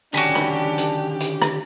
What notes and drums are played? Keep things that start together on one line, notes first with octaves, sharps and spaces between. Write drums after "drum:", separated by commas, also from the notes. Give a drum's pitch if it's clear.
D3 D#3 C#4 D4 F#4 G4 G#5 B5
drum: rim click
drum: hi-hat
drum: hi-hat
drum: rim click